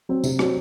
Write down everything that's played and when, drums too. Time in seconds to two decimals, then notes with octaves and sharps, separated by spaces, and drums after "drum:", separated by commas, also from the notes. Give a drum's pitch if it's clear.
0.09 F#3 C4
0.24 C3, drum: tambourine
0.39 F#3 C4, drum: rim click